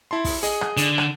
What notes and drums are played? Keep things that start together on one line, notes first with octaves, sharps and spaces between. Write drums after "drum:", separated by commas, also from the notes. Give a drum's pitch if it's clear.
E4 A5 C6
drum: kick, open hi-hat
G#4 D#5, drum: hi-hat
drum: rim click
D3, drum: hi-hat
drum: rim click